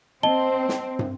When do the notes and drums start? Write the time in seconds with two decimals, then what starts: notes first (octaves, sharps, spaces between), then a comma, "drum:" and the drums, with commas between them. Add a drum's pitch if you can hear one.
0.23 C4 D#5 A5 G7
0.69 drum: snare
0.99 drum: tom